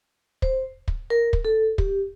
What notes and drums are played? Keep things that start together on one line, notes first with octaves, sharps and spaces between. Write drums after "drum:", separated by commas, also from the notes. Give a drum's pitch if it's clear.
C5, drum: kick
drum: kick
A#4
drum: kick
A4
G4, drum: kick